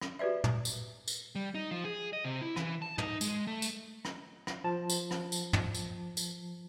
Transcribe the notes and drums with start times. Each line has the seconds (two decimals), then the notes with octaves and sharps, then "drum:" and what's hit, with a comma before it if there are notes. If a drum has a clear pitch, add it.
0.01 drum: rim click
0.19 F#4 G4 B4 D5 E5
0.44 drum: tom
0.65 drum: tambourine
1.08 drum: tambourine
1.35 G3
1.55 D#4
1.71 F3
1.85 G#4
2.13 D#5
2.24 C3
2.41 E4
2.56 E3, drum: rim click
2.82 A5
2.98 D#4, drum: tom
3.21 G#3, drum: tambourine
3.47 A3
3.62 drum: tambourine
4.05 drum: rim click
4.47 drum: rim click
4.64 F3 A5
4.90 drum: tambourine
5.11 drum: rim click
5.32 drum: tambourine
5.53 drum: tom
5.74 drum: tambourine
6.17 drum: tambourine